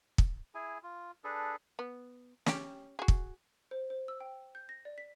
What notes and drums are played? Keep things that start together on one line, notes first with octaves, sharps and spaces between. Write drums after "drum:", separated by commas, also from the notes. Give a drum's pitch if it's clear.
drum: kick
E4 G#4 G#5
F4
D4 G#4 A4 B4
B3
C#4 G4, drum: snare
F#4 G#4
drum: kick
C5
C5
E6
G5
G6
A#6
D5
B6